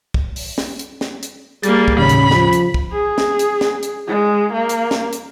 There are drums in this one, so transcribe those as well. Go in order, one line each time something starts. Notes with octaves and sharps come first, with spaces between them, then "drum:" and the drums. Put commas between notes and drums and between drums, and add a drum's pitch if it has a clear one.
drum: kick
drum: open hi-hat
drum: snare
drum: hi-hat
drum: snare
drum: hi-hat
G3 A#3 G#4 A6, drum: hi-hat
drum: kick
D#2 A2 C#3 C#4 B5
drum: hi-hat
F3, drum: snare
drum: hi-hat
drum: kick
G#4
drum: snare
drum: hi-hat
drum: snare
drum: hi-hat
G#3
A#3
drum: hi-hat
drum: snare
drum: hi-hat